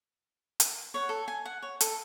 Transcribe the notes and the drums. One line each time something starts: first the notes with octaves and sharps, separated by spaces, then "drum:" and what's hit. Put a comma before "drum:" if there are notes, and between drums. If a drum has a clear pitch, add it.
drum: hi-hat
C#5 F#5
A4
G#5
F#5
C#5
A4, drum: hi-hat